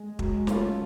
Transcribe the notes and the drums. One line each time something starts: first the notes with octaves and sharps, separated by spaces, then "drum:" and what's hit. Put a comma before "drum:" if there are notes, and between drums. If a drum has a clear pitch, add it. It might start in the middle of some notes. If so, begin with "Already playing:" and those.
Already playing: G#3
F#3, drum: kick
A3 C#4 F4, drum: snare